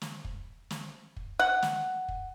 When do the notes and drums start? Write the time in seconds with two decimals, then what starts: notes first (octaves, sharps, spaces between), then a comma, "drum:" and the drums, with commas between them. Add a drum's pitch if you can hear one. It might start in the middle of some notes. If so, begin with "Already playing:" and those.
0.02 drum: snare
0.25 drum: kick
0.71 drum: snare
1.16 drum: kick
1.39 F#5
1.62 drum: snare
2.08 drum: kick